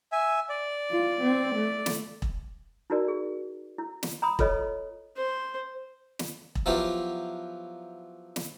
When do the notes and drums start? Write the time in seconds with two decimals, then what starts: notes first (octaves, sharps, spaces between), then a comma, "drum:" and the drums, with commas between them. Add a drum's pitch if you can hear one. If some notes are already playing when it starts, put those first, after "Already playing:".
0.12 E5 G#5
0.49 D5
0.91 F4
1.22 C4
1.55 A3
1.86 drum: snare
2.22 drum: kick E1
2.90 D#4 E4 F#4 A#4 D5
3.08 G#4
3.78 E4
4.03 drum: snare
4.22 A#5 B5 D#6
4.39 F4 A4 B4 C#5 D#5, drum: kick E1
5.17 C5
6.19 drum: snare
6.55 drum: kick E1
6.66 F3 F#3 B3 E4 F4 G4
8.36 drum: snare